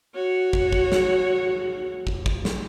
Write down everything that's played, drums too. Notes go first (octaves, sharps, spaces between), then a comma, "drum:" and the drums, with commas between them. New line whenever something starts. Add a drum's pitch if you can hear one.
F#4 C#5
drum: kick
drum: kick
drum: snare
drum: kick
drum: kick
drum: snare